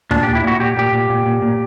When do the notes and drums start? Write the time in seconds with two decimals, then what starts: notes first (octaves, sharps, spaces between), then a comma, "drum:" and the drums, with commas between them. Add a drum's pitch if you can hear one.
0.11 A#2 D4, drum: tom D#2
0.23 A#2 G4
0.35 E4
0.44 A#2 F#4
0.60 A#2 G4
0.77 A#2 G4
0.92 A#2
1.10 A#2
1.26 A#2
1.42 A#2